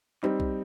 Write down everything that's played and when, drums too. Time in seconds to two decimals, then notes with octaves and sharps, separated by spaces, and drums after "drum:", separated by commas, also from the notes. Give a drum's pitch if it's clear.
0.23 G3 C4 D#4, drum: clap
0.40 drum: kick B1